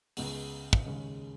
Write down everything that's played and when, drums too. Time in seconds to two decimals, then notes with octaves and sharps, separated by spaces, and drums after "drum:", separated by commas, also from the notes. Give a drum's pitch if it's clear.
0.17 C#2 C#3 G#3 B3, drum: open hi-hat
0.73 drum: kick
0.86 D#2 C#3 G#3 C#4